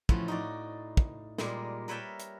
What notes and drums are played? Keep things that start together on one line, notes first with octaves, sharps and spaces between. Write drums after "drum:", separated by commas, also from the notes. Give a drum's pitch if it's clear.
A2 E3 F3 C#4 F#4, drum: kick
D#4 F#4 D5
drum: kick
A#2 G3 G#3 A#4, drum: snare
A#4 B4 C#5 E5 G5 A5
drum: hi-hat